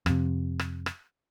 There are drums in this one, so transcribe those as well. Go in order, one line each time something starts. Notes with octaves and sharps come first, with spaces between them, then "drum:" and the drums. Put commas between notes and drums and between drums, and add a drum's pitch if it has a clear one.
F2 C3, drum: rim click
drum: rim click
drum: rim click